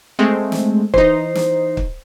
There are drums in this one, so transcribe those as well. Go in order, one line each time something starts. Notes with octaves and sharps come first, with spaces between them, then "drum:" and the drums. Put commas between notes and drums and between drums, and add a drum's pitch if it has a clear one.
G#3 A3 C4
drum: snare
E3 D#4 C5, drum: kick
drum: snare
drum: kick